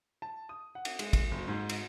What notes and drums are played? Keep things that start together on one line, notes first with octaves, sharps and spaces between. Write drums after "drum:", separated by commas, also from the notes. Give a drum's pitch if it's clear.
A5
D#6
F#5
drum: cymbal
G#3, drum: cymbal
drum: kick, cymbal
F#1
G#2
drum: cymbal